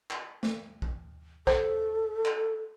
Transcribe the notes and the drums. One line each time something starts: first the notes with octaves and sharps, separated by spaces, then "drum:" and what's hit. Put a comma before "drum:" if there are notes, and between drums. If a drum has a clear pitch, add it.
drum: clap
drum: snare
drum: kick A#1
A4 C5, drum: kick A#1
drum: clap